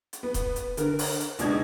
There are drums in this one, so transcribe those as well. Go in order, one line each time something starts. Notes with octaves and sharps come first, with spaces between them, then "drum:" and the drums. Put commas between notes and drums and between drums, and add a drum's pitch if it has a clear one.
drum: hi-hat
B3
drum: kick D#1, hi-hat
drum: hi-hat
D3 A#4, drum: hi-hat
drum: open hi-hat
drum: hi-hat
C#2 B2 G#3 D4 D#4 G#6, drum: hi-hat